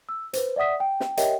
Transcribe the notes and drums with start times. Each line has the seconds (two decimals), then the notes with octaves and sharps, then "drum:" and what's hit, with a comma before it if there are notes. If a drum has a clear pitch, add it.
0.09 E6
0.33 B4 C5, drum: hi-hat
0.56 D5 E5 F#5 D#6 B6
0.80 G5
1.00 drum: snare
1.17 G4 A#4 C#5 D#5 E5 G5, drum: hi-hat